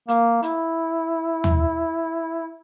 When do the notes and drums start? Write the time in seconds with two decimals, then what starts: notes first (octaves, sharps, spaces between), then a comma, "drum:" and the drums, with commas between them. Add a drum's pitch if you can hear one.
0.08 A#3, drum: hi-hat
0.42 E4, drum: hi-hat
1.44 drum: tom